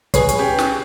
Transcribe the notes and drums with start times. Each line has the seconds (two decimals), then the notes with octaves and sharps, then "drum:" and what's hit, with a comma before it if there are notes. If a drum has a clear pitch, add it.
0.14 G#4 B4 C#5 C7, drum: kick, hi-hat
0.29 drum: hi-hat
0.39 C#4 G4
0.59 drum: snare